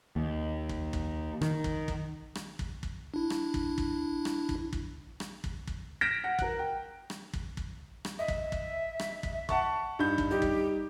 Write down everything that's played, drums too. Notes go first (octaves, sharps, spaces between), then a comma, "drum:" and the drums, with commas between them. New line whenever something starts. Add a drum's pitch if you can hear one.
D#2
drum: kick
drum: kick
D#3, drum: rim click
drum: kick
drum: kick
drum: rim click
drum: kick
drum: kick
D4 E4
drum: rim click
drum: kick
drum: kick
drum: rim click
drum: kick
drum: kick
drum: rim click
drum: kick
drum: kick
F6 G6 A#6 B6 D7 E7
F#5
A#4 F#6, drum: kick
G5
drum: rim click
drum: kick
drum: kick
drum: rim click
D#5 E5
drum: kick
drum: kick
drum: rim click
drum: kick
F#5 A5 C#6, drum: kick
G2 D#4 G6
drum: kick
G3 D#4 G4
drum: kick